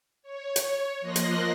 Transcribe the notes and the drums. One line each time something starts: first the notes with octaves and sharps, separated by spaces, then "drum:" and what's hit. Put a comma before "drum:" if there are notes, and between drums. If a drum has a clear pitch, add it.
C#5
drum: hi-hat
F3 A#3 D#5 C6 F#6 A#6
drum: hi-hat